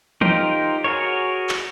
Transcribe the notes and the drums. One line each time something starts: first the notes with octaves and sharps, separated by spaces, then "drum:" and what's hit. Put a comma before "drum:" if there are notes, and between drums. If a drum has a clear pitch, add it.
D#4 F4 G4 A#4 C5, drum: tom E3
F#4 G#4 A#4 C#5
drum: clap